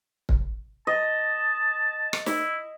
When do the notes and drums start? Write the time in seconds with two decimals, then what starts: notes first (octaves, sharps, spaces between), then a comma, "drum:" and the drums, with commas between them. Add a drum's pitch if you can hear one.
0.29 drum: kick
0.87 D#5 A5
2.13 drum: rim click
2.26 E4, drum: snare